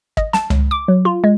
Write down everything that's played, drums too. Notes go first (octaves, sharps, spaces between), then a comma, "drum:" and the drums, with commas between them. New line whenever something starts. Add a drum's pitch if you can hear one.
D#5, drum: kick
A5, drum: snare
C#2, drum: tom C#2
D6
F#3
F4
G#3